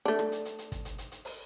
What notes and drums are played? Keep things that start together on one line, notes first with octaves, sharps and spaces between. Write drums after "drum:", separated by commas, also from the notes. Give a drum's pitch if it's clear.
A3 D4
drum: rim click
drum: hi-hat
drum: hi-hat
drum: hi-hat
drum: kick, hi-hat
drum: hi-hat
drum: hi-hat
drum: hi-hat
drum: open hi-hat